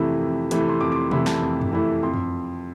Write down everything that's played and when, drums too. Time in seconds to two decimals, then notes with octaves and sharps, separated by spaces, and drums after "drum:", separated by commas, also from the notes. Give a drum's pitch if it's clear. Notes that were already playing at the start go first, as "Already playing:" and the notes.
Already playing: F2 C3 E3 A3 E4
0.21 F2
0.51 C3 E3 A3 E4, drum: hi-hat
0.69 C6
0.81 F2 D6
0.92 D6
0.96 C6
1.11 C3 E3 A3 E4 B5, drum: tom B2
1.26 A5, drum: snare
1.42 F2
1.61 drum: tom F#2
1.72 C3 E3 A3 E4
2.03 F2 C6
2.14 drum: tom F#2